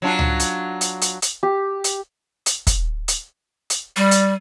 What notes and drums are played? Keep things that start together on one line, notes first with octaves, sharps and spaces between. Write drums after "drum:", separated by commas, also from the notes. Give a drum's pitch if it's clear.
F#3 D4 F4
drum: tom C#2
drum: hi-hat
drum: hi-hat
drum: hi-hat
drum: hi-hat
G4
drum: hi-hat
drum: hi-hat
drum: kick, hi-hat
drum: hi-hat
drum: hi-hat
G3
drum: hi-hat